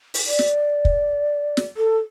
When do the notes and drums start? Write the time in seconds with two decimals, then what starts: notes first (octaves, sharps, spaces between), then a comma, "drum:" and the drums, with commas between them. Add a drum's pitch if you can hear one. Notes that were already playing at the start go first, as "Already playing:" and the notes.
0.14 drum: open hi-hat
0.27 D5
0.39 drum: snare
0.85 drum: kick
1.57 drum: snare
1.77 A4